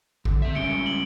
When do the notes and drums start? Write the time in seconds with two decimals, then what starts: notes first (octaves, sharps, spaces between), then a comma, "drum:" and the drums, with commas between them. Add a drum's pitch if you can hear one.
0.25 D3, drum: kick
0.42 C4 E5
0.55 G3 G#3 C#4 C#7 D7 G7
0.86 F#7